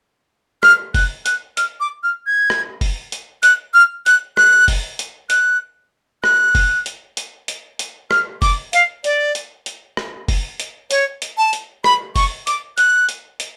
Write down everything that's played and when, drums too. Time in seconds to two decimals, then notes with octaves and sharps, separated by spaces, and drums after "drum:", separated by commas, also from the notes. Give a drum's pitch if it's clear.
0.63 F6, drum: rim click
0.94 F#6, drum: kick F1, open hi-hat
1.26 F#6, drum: hi-hat
1.57 F6, drum: hi-hat
1.80 D6
2.03 F6
2.27 G#6
2.50 drum: rim click
2.81 drum: kick F1, open hi-hat
3.12 drum: hi-hat
3.43 F#6, drum: hi-hat
3.74 F6
4.06 F#6, drum: hi-hat
4.37 F#6, drum: rim click
4.68 drum: kick F1, open hi-hat
4.99 drum: hi-hat
5.30 F#6, drum: hi-hat
6.24 F#6, drum: rim click
6.55 drum: kick F1, open hi-hat
6.86 drum: hi-hat
7.17 drum: hi-hat
7.48 drum: hi-hat
7.79 drum: hi-hat
8.11 F6, drum: rim click
8.42 D6, drum: kick F1, open hi-hat
8.73 F5, drum: hi-hat
9.04 D5, drum: hi-hat
9.35 drum: hi-hat
9.66 drum: hi-hat
9.97 drum: rim click
10.28 drum: kick F1, open hi-hat
10.60 drum: hi-hat
10.91 C#5, drum: hi-hat
11.22 drum: hi-hat
11.38 A5
11.53 drum: hi-hat
11.84 B5, drum: rim click
12.16 C#6, drum: kick F1, open hi-hat
12.47 D6, drum: hi-hat
12.78 F#6, drum: hi-hat
13.09 drum: hi-hat
13.40 drum: hi-hat